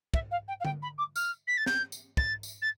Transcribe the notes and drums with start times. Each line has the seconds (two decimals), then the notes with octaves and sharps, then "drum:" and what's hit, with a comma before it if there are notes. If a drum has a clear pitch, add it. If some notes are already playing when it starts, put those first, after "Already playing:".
0.14 E5, drum: kick
0.31 F5
0.48 G5
0.60 F5
0.65 G5, drum: tom D3
0.82 B5
0.98 D6
1.16 F6, drum: tambourine
1.47 B6
1.57 A6
1.66 G6, drum: snare
1.92 drum: tambourine
2.17 A6, drum: kick
2.43 drum: tambourine
2.62 A6